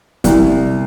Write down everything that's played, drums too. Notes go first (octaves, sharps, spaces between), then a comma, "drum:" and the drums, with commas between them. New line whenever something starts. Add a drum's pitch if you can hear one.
C2, drum: kick, hi-hat